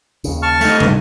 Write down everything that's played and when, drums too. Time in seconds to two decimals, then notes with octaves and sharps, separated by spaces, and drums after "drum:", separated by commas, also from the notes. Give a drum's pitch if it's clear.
0.24 D#2 C#3, drum: tambourine
0.43 A5 C#6 F6
0.61 A3 D#4, drum: tambourine
0.80 D1 G2, drum: tom